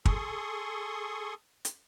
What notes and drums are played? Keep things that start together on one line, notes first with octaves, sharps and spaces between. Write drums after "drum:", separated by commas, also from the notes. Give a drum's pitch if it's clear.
G#4 A4 C6 C#6 D#6, drum: kick
drum: hi-hat